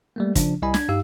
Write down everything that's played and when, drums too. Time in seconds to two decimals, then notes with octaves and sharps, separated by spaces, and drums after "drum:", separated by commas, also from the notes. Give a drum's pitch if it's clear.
0.16 G3 A3 A#3
0.35 C#3 F3 D4, drum: kick, hi-hat
0.62 C2 G3 E4 D#5 G#5 B5
0.74 D4 G#6, drum: snare
0.88 G2 D#4 G4 F5 E6